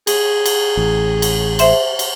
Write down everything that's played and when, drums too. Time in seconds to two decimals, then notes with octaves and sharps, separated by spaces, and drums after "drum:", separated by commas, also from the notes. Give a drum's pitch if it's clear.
0.07 G#4, drum: cymbal
0.46 drum: cymbal
0.77 A1
1.22 drum: cymbal
1.59 C5 E5 C6, drum: cymbal
1.99 drum: cymbal